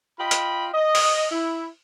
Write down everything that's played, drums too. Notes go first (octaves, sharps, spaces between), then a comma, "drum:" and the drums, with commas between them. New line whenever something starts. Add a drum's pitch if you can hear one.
F4 D#5 G5 B5
drum: hi-hat
D#5
drum: open hi-hat
E4